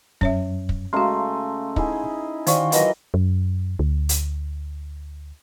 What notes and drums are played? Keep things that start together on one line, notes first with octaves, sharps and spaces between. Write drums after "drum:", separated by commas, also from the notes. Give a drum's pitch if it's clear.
F#2 C#4 C#5 E5, drum: kick
drum: kick
C#3 G#3 A3 F#4 D#5 F5 A#5 C6
D#4 E4 G#4, drum: kick
D#3 F4 F#4 C5 D5 G5 C#6, drum: hi-hat
E3 F#3 A#4 D#5, drum: hi-hat
F#2
D2
drum: hi-hat